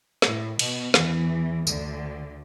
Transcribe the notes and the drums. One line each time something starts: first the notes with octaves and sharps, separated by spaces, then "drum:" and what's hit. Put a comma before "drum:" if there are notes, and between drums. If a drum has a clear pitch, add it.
A2, drum: snare
B2, drum: cymbal
E2 E3, drum: snare
D2 D3, drum: tambourine